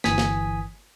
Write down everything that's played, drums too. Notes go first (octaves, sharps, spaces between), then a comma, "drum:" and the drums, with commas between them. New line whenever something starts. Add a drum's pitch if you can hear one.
G1 E3 G#5 D#6 B6, drum: snare
drum: snare